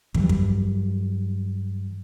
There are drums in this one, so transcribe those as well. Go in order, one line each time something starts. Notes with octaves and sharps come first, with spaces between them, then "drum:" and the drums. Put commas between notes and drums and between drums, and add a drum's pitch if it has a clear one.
G2 E3 F#3 G3, drum: kick
drum: kick